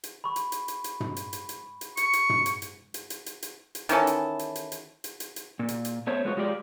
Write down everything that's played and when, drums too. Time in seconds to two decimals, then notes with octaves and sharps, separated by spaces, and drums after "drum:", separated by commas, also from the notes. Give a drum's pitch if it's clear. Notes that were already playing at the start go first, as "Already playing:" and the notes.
0.04 drum: hi-hat
0.24 B5 C#6
0.36 drum: hi-hat
0.52 drum: hi-hat
0.68 drum: hi-hat
0.84 drum: hi-hat
1.00 drum: tom
1.17 drum: hi-hat
1.33 drum: hi-hat
1.49 drum: hi-hat
1.81 drum: hi-hat
1.97 C#6, drum: hi-hat
2.13 drum: hi-hat
2.30 drum: tom
2.46 drum: hi-hat
2.62 drum: hi-hat
2.94 drum: hi-hat
3.10 drum: hi-hat
3.26 drum: hi-hat
3.42 drum: hi-hat
3.75 drum: hi-hat
3.89 D#3 E3 C#4 A4, drum: hi-hat
4.07 drum: hi-hat
4.39 drum: hi-hat
4.55 drum: hi-hat
4.72 drum: hi-hat
5.04 drum: hi-hat
5.20 drum: hi-hat
5.36 drum: hi-hat
5.59 A#2
5.68 drum: hi-hat
5.85 drum: hi-hat
6.07 A3 B3 C5 C#5
6.25 G#3 B3 F4 F#4 C5 C#5
6.37 G#3 F4 G4 D5